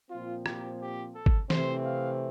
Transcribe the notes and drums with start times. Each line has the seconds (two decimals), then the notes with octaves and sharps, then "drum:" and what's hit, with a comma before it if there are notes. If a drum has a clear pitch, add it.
0.10 A#2 F3 C4 F4
0.46 G4, drum: rim click
0.81 G4
1.16 A4
1.26 drum: kick
1.50 C3 E3 A3 C4 C5, drum: snare
1.86 F5